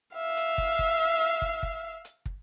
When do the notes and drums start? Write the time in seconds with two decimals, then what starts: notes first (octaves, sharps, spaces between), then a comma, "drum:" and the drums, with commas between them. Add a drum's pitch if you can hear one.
0.16 E5 F5
0.37 drum: hi-hat
0.58 drum: kick
0.79 drum: kick
1.21 drum: hi-hat
1.42 drum: kick
1.63 drum: kick
2.05 drum: hi-hat
2.26 drum: kick